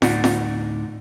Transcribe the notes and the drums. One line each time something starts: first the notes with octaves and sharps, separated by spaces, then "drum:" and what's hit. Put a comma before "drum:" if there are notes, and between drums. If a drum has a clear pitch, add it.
D2 A2 D4 D#4 F#5, drum: snare
drum: snare